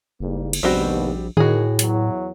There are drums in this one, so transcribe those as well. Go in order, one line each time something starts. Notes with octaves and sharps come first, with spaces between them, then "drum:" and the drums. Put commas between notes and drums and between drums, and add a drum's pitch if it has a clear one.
F#1 G#2 G3 A#3
drum: cymbal
A#1 D#2 B2 G3 C4 F#4
A2 D#3 F#4 G#4, drum: tom D3
E2 E3 F#3, drum: hi-hat